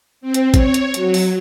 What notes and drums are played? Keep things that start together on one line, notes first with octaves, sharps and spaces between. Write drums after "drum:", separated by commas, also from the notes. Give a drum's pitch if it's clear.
C4
drum: hi-hat
C#5, drum: kick G#1, hi-hat
drum: hi-hat
F#3, drum: hi-hat
drum: open hi-hat